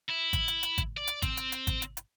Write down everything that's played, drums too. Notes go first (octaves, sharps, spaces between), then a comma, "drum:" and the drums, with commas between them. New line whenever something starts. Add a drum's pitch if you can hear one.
E4
drum: kick G#1, hi-hat
drum: hi-hat
drum: hi-hat
drum: kick G#1, hi-hat
D5
drum: hi-hat
C4, drum: kick G#1, hi-hat
drum: hi-hat
drum: hi-hat
drum: kick G#1, hi-hat
drum: hi-hat
drum: hi-hat